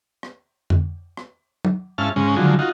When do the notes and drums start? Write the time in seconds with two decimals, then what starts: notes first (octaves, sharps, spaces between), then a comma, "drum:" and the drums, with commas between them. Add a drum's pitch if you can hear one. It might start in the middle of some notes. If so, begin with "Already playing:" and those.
0.23 drum: rim click
0.70 drum: tom F2
1.17 drum: rim click
1.65 drum: tom
1.98 G#2 C#4 E4 F5 A5 F6
2.16 G#2 C#3 G#3 C#4
2.36 D3 D#3 F3 F#3 G#3
2.59 D#4 F4 F#4